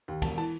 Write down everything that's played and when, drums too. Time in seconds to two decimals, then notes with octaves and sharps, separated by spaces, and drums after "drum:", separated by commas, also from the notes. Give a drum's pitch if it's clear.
0.08 D#2
0.22 E1 A5, drum: kick, cymbal
0.38 E3 A5